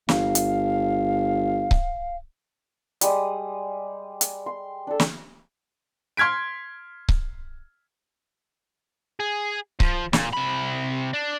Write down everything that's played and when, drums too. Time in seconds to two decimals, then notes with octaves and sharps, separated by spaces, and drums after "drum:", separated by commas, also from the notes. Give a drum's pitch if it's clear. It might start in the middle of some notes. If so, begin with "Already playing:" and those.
0.09 G1 F5, drum: snare
0.35 drum: hi-hat
1.71 drum: kick C#1
3.01 G3 G#3 D#6, drum: hi-hat
4.21 drum: hi-hat
4.46 C6
4.87 D4 A4
5.00 drum: snare
6.17 C6 F6 G#6 B6 D7
7.09 drum: kick C#1
9.20 G#4
9.80 F3, drum: kick C#1
10.13 A#2, drum: snare
10.33 C3 B5
11.13 D4